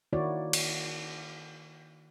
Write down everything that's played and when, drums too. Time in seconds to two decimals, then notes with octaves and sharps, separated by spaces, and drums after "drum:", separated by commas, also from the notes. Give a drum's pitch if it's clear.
0.13 D#3 A#3 E4 F#4 C#5 D5
0.53 drum: cymbal